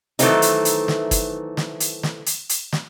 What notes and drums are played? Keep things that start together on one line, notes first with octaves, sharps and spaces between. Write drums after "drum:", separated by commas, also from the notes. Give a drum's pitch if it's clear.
D#3 E3 F#3 A3 C4 D#4, drum: hi-hat
drum: hi-hat
drum: hi-hat
drum: snare
drum: kick, hi-hat
drum: snare
drum: hi-hat
drum: snare
drum: hi-hat
drum: hi-hat
drum: snare